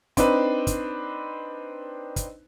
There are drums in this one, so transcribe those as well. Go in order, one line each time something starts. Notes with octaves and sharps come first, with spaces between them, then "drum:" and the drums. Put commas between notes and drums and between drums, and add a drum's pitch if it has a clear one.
C4 D4 D#4 B4, drum: kick, hi-hat
drum: kick, hi-hat
drum: kick, hi-hat